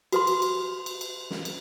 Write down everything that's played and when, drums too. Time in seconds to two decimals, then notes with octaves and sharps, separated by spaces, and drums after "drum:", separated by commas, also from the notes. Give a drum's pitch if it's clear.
0.12 F#4 B4 C6, drum: cymbal
0.27 drum: cymbal
0.42 drum: cymbal
0.86 drum: cymbal
1.01 drum: cymbal
1.30 drum: snare
1.45 drum: cymbal